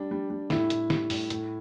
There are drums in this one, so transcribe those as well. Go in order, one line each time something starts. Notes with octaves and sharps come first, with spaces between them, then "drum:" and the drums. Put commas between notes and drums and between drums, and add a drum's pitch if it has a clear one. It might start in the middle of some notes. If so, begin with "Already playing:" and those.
Already playing: G3 D4
G3
G3
A2 E4, drum: snare
A2, drum: hi-hat
G3, drum: snare
A2, drum: open hi-hat
A2, drum: hi-hat